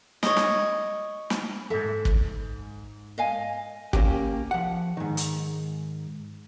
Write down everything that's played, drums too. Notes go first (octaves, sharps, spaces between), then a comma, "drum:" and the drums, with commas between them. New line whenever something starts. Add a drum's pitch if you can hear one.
C#5 D#5, drum: snare
drum: snare
drum: snare
F2 G#2 A4 E5
drum: kick
D#5 F5 G#5
A#3 C#4 G4, drum: kick
F3 F#5
G#2 D#3
drum: hi-hat